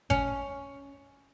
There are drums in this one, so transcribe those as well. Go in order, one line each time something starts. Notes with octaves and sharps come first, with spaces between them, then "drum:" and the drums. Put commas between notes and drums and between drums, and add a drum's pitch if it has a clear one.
C#4, drum: kick G#1